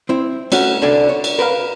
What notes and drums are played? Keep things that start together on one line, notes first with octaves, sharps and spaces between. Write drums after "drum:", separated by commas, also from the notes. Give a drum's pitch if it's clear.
C4 E4
A3 C#4 F#4, drum: cymbal
C2 D3 D4 A4 G#5
C#5
drum: cymbal
A#4 B4 D#5 F5